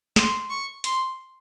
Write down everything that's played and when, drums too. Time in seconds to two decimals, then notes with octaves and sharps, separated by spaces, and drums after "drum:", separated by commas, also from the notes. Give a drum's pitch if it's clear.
0.16 C6, drum: snare
0.50 C#6
0.84 C6, drum: hi-hat